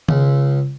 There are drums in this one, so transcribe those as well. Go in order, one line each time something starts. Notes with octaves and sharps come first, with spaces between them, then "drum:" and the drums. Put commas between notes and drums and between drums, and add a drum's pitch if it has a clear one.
C#2, drum: tom D#3